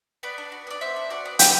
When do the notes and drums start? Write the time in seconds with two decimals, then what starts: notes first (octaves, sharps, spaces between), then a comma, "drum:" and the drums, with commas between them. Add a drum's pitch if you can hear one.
0.23 B3 B4 D5
0.38 D4
0.52 F#4
0.67 B3 D5
0.81 B3 C5 E5
0.96 D4
1.10 F#4 D5 F#5
1.25 B3
1.39 D4 E5 G5, drum: hi-hat